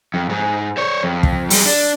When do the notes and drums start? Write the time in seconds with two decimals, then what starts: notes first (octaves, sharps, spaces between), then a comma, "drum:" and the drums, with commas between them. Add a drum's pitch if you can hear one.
0.14 F2
0.29 G#2
0.78 C5 C#5
1.03 F2
1.23 drum: kick
1.50 G3 G#3, drum: open hi-hat
1.66 D4